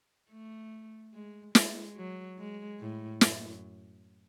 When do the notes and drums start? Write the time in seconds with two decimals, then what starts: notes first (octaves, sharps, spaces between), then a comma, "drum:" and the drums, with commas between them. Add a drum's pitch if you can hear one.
0.31 A3
1.14 G#3
1.55 G#3, drum: snare
1.96 F#3
2.38 G#3
2.80 A2
3.21 F#2, drum: snare